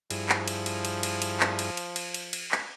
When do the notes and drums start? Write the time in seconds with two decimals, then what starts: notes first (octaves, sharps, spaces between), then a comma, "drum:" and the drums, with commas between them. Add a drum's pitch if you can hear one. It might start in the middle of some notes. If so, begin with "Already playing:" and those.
0.10 G2 F3 E4 G#4, drum: cymbal
0.29 drum: clap
0.48 drum: cymbal
0.66 drum: cymbal
0.85 drum: cymbal
1.03 drum: cymbal
1.22 drum: cymbal
1.40 drum: clap
1.59 drum: cymbal
1.77 drum: cymbal
1.96 drum: cymbal
2.14 drum: cymbal
2.33 drum: cymbal
2.52 drum: clap